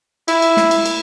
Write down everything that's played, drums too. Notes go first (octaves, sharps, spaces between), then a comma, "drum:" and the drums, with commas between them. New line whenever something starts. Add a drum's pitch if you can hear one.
E4, drum: cymbal
drum: cymbal
drum: snare
drum: cymbal
drum: cymbal